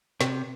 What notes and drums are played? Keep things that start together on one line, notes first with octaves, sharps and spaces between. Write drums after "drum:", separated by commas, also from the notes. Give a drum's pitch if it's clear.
C3, drum: snare